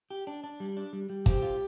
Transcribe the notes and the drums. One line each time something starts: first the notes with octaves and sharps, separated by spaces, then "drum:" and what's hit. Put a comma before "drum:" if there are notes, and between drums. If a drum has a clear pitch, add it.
G4
D4
D4
G3
D4
G3
G3
C4 G4, drum: kick
F4